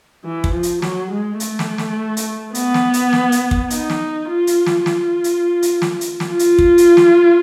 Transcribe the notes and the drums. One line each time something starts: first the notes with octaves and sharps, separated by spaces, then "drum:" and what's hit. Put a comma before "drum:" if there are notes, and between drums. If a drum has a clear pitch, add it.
E3
drum: kick
F3
drum: hi-hat
F#3, drum: snare
G#3
A3, drum: hi-hat
drum: snare
drum: snare
drum: hi-hat
B3, drum: hi-hat
drum: snare
drum: hi-hat
drum: snare
drum: hi-hat
drum: kick
D#4, drum: hi-hat
drum: snare
F4
drum: hi-hat
drum: snare
F4, drum: snare
drum: hi-hat
drum: hi-hat
drum: snare
drum: hi-hat
drum: snare
F4
drum: hi-hat
drum: kick
drum: hi-hat
drum: snare